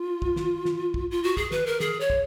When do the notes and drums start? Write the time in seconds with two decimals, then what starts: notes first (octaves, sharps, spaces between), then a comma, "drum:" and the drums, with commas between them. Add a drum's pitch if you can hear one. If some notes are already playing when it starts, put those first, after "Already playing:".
Already playing: F4
0.22 drum: kick
0.36 drum: snare
0.65 drum: snare
0.94 drum: kick
1.11 F4
1.24 F#4
1.37 G#4, drum: kick
1.51 B4, drum: snare
1.66 A#4
1.80 G#4, drum: snare
2.00 C#5
2.10 drum: kick